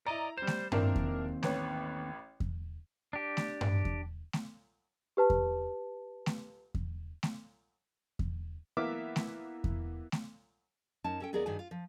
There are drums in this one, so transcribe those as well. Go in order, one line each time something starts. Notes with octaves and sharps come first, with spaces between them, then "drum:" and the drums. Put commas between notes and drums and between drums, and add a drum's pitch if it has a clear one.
E4 D5 D#5 A#5
G3 C5 E7
drum: snare A3
D#2 C4 D4 E4 A#4, drum: tom G2
drum: kick E2
A1 B4 C#5, drum: snare A3
drum: kick E2
D4 G4
drum: snare A3
drum: tom G2
drum: kick E2
drum: snare A3
G4 B4 A5
drum: kick E2
drum: snare A3
drum: kick E2
drum: snare A3
drum: kick E2
E3 A#3 B3 E5 D6 F6
drum: snare A3
drum: kick E2
drum: snare A3
F#2 C#4 D#4 A5
C#4 A4 G5
D#2 B3 G#4 A#4 C#5 D5
G2 D#3 D#4 F#4 G#4 G#5
F4
F3